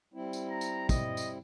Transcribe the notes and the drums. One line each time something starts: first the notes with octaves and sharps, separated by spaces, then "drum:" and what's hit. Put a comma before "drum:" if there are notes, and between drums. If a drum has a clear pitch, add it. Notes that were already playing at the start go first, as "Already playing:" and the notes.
G3 C4 E4
drum: tambourine
A#5
drum: tambourine
D#5, drum: kick, tambourine
drum: tambourine